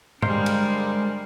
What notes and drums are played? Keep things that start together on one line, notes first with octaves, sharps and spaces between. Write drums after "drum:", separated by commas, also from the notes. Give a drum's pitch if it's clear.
D3 G3 G#3 A#4 C5 F5, drum: tom G2
drum: cymbal